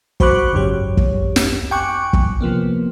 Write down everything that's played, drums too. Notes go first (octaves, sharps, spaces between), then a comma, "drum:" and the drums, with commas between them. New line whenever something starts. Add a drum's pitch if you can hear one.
F#4 C5 B5 C#6 D6 F#6, drum: kick
G#1 C#2 F#2 F#3 G4 C#5
drum: kick
drum: snare
G5 G#5 C#6 D6 F#6
drum: kick
C3 F3 A#3 B3